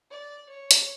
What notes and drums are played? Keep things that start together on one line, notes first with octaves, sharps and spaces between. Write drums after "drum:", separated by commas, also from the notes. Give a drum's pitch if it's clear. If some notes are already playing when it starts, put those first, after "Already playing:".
D5
C#5
drum: hi-hat